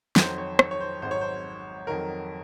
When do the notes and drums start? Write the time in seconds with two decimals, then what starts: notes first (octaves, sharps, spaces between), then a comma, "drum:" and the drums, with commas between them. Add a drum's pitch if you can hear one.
0.16 F2 D#3 F#3 C5, drum: snare
0.38 C#5
0.59 C#5, drum: rim click
0.71 C#5
0.80 C5
1.02 G#1 G#2 F#3 C5
1.11 C#5
1.21 C5
1.87 F2 D#3 F#3 A#4